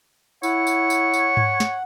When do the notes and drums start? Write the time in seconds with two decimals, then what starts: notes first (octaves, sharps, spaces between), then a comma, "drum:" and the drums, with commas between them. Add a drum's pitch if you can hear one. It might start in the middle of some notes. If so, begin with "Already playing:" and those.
0.43 E4 C#5 F#5, drum: tambourine
0.67 drum: tambourine
0.90 drum: tambourine
1.13 drum: tambourine
1.37 drum: tom G#2
1.60 drum: snare